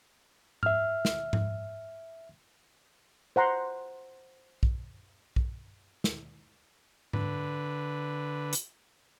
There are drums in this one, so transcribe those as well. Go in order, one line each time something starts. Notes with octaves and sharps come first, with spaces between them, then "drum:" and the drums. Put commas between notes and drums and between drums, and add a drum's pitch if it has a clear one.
E5 F6, drum: tom G#2
drum: snare
drum: tom G#2
C5 F#5 A#5 C6
drum: kick
drum: kick
drum: snare
D3 B4, drum: tom G#2
drum: hi-hat